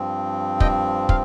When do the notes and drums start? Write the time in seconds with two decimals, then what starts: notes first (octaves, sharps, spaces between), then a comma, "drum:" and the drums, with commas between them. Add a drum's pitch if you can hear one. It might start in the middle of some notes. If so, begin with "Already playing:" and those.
Already playing: G2 F3 C4
0.60 D#5 G5, drum: kick
1.09 F5, drum: kick